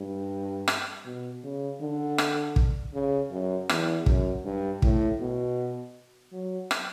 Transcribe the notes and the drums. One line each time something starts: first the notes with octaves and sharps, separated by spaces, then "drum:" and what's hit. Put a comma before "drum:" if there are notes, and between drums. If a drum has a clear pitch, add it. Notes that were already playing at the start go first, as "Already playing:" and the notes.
Already playing: G2
drum: rim click
B2
C#3
D3
drum: rim click
drum: kick
C#3
F#2
E2, drum: rim click
F#2, drum: kick
G2
A2, drum: kick
B2
F#3
drum: rim click